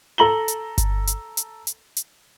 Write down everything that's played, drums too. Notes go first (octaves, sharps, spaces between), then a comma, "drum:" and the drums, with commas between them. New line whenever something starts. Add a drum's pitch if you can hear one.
A4 A#5 F#7 G7
drum: hi-hat
drum: kick G1, hi-hat
drum: hi-hat
drum: hi-hat
drum: hi-hat
drum: hi-hat